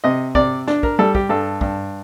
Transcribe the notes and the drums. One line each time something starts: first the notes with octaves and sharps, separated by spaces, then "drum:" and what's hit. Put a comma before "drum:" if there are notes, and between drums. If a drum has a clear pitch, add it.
C3 D#5
C3 D5, drum: kick
D4, drum: snare
A#4, drum: kick
G3 A4
G4, drum: kick
G2 A4
G2, drum: kick